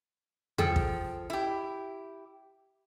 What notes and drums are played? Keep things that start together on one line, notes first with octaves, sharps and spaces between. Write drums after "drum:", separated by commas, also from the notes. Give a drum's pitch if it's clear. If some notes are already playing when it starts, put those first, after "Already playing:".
F3 G#4 A4 G5, drum: tom E2
drum: kick
E4 G4